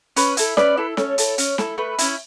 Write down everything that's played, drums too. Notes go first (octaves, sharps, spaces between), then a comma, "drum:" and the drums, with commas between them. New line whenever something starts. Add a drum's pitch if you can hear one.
C#4 B4, drum: hi-hat
E4 A4, drum: hi-hat
C#4 B4 D5, drum: snare
E4 A4
C#4 A4 C#5, drum: snare
E4 A4, drum: hi-hat
C#4, drum: hi-hat
E4 A4, drum: snare
A3 B4
C#4 E4, drum: hi-hat